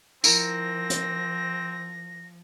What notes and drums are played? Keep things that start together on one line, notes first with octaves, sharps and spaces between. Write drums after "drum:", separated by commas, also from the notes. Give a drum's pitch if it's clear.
F3 C4 E4 A#4 A#6, drum: tambourine
drum: hi-hat